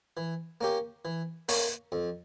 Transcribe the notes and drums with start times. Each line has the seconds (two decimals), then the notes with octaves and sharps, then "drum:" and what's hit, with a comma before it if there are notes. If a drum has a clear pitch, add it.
0.17 E3
0.61 A#3 C#4 G4
1.05 E3
1.49 A#3 C#4, drum: open hi-hat
1.92 F2